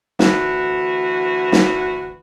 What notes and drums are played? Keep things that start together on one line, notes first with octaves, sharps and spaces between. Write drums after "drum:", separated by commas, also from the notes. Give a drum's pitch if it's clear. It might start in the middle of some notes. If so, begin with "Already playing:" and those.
D2 E3 F#4, drum: snare
drum: snare